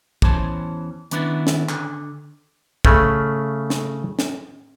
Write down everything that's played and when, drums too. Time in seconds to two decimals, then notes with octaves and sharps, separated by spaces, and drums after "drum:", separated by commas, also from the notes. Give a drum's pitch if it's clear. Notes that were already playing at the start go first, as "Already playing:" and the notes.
0.22 E2 E3 C#4 C5 A5, drum: kick
1.11 D#3 B3 C#4 D4 E4 B4, drum: hi-hat
1.47 drum: snare
1.69 D3, drum: clap
2.85 C#3 A3 C#4, drum: kick
3.70 drum: snare
4.19 drum: snare